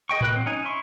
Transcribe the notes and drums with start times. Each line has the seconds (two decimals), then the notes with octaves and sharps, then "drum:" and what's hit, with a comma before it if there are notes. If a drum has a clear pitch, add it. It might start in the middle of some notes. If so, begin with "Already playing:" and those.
0.09 G#4 D#5 G5 C#6
0.21 E3 A#3 B4 G5 F#6, drum: tom A2
0.33 F#3 C4
0.46 C#4 D#4 G#5
0.65 E4 C6 C#6